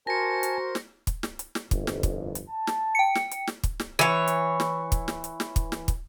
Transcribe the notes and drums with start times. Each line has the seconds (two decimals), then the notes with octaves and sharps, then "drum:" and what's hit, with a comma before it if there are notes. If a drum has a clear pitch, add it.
0.07 F#4 A#4 C5 G#5 A5 A#6 C#7
0.43 drum: hi-hat
0.75 drum: snare
1.07 drum: kick, hi-hat
1.23 drum: snare
1.39 drum: hi-hat
1.55 drum: snare
1.71 G1 C2 F2, drum: kick, hi-hat
1.87 drum: snare
2.03 drum: kick, hi-hat
2.35 drum: hi-hat
2.49 A5
2.67 drum: snare
2.95 G5 C#7
3.15 drum: snare
3.31 drum: hi-hat
3.47 drum: snare
3.63 drum: kick, hi-hat
3.80 drum: snare
3.99 E3 C#5
4.28 drum: hi-hat
4.60 drum: snare
4.92 drum: kick, hi-hat
5.08 drum: snare
5.24 drum: hi-hat
5.40 drum: snare
5.56 drum: kick, hi-hat
5.72 drum: snare
5.88 drum: kick, hi-hat